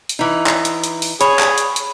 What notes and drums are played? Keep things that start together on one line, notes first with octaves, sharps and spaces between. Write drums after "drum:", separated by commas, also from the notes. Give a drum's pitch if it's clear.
drum: hi-hat
E3 D#4
drum: clap
drum: hi-hat
drum: hi-hat
drum: open hi-hat
G#4 C#5 B5, drum: hi-hat
drum: clap
drum: hi-hat
drum: hi-hat